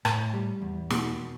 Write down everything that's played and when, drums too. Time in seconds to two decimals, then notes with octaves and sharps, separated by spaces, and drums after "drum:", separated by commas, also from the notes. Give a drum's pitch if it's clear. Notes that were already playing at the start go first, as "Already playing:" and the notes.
0.05 A2, drum: rim click
0.34 G3
0.62 E2
0.90 B2, drum: snare